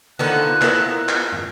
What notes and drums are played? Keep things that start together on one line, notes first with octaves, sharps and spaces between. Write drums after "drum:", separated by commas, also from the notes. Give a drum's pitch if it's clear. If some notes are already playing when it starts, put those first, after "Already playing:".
D3 D#3 B3 F4 B4 F#6
B3 E4 A#4, drum: clap
drum: clap
drum: tom